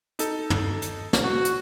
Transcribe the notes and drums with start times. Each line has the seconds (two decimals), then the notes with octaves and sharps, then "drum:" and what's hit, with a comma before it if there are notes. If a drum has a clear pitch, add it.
0.19 D#4 A4, drum: hi-hat
0.50 drum: tom
0.82 drum: hi-hat
1.13 drum: snare
1.23 F#4
1.45 drum: hi-hat